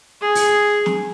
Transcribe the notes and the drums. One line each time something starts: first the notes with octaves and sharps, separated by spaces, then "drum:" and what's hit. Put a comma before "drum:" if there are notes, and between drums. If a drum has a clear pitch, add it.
G#4
drum: open hi-hat
drum: snare